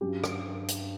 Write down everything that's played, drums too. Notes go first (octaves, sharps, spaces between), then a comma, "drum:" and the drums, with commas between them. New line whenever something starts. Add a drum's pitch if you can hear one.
G2 F#3 C#4 G4
drum: rim click
drum: hi-hat